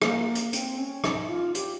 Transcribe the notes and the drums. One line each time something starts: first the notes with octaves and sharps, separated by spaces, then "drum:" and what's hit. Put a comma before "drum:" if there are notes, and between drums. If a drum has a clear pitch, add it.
A#3, drum: rim click
drum: hi-hat
C4, drum: hi-hat
C#4
D#4, drum: rim click
F4
G4, drum: hi-hat